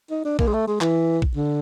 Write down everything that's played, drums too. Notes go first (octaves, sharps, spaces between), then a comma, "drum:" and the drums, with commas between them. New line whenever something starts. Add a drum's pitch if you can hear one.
D#4
D4
A#3, drum: kick A#1
G#3
A3
G#3
E3, drum: clap
drum: kick A#1
D3